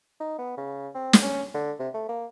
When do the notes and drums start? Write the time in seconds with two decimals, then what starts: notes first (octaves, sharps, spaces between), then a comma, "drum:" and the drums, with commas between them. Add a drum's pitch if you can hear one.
0.20 D#4
0.38 B3
0.57 C#3
0.94 C4
1.13 drum: snare
1.22 C#4
1.54 D3
1.79 C3
1.94 A3
2.09 A#3